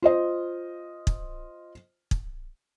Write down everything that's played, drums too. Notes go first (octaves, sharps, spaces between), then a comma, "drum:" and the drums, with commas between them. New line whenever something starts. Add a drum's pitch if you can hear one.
F4 C5 D#5
drum: kick
drum: kick